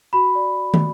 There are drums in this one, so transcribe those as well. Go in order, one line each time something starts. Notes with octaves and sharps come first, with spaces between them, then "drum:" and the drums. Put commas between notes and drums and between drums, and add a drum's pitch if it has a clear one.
F#4 B5
D5
drum: tom